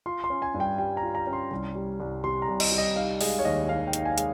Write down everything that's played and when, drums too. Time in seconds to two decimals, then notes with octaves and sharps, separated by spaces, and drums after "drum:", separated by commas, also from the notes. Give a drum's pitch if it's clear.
0.06 F4 C6
0.24 C6
0.30 C#4
0.42 G#5
0.54 G2
0.60 G5
0.78 G3 G5
0.97 A#5
1.03 F4
1.15 A#5
1.27 C#4
1.33 C6
1.51 C2
1.75 G3
2.00 C2
2.24 C3 C6
2.42 A#5
2.48 C2
2.60 D#5, drum: cymbal
2.72 G3
2.78 D#5
2.96 D#4 F5
3.21 G#3 D#5, drum: open hi-hat
3.39 C#5
3.45 D#2 D#5
3.69 D#3 F5
3.87 G5
3.93 D#4, drum: hi-hat
4.05 G#5
4.18 G#3, drum: hi-hat